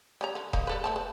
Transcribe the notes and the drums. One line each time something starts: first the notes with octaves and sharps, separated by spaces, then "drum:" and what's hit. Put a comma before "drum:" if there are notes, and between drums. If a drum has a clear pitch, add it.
G3 C#4 A#5
D3
A#3 D#4, drum: kick E1
G3 A4 B4
A3 C4 A5
B4